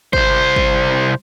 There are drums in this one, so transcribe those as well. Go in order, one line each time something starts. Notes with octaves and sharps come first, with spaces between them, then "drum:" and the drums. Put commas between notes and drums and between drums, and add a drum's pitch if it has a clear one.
C2 C5, drum: kick
drum: kick